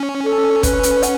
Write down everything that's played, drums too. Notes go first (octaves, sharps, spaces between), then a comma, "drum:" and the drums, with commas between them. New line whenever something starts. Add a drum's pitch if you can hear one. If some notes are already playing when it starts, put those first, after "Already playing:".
Already playing: C#4
A4
B4, drum: kick, hi-hat
drum: hi-hat
F#5, drum: hi-hat